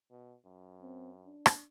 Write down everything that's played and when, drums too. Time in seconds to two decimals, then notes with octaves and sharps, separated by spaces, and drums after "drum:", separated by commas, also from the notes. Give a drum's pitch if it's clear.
0.11 B2
0.46 F#2
0.81 C4
1.25 D4
1.46 drum: rim click